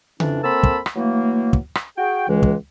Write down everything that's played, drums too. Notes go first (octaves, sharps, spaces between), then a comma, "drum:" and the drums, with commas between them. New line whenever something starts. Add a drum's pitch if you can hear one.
F2 E3 C#4 D4, drum: tom C#3
A#3 C4 A4 A5 B5 E6
drum: kick
drum: rim click
E3 F#3 A3 A#3
drum: kick
drum: rim click
F#4 G#4 G5
C#2 E3 G#3
drum: kick